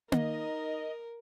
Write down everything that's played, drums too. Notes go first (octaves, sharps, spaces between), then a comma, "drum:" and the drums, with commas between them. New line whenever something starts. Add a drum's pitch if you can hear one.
D#4 A#4 D#5, drum: tom A#3